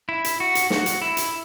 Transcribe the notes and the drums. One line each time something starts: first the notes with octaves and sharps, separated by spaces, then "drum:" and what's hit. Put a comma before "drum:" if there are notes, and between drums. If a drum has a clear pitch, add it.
E4
drum: hi-hat
F#4
drum: hi-hat
F#4, drum: snare
drum: hi-hat
E4
drum: hi-hat